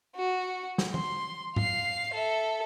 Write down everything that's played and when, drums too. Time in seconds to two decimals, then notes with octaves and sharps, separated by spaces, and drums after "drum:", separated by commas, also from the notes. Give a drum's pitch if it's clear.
0.16 F#4
0.78 drum: snare
0.94 C6, drum: tom E3
1.56 F5 C7, drum: tom G#2
2.13 A4 E5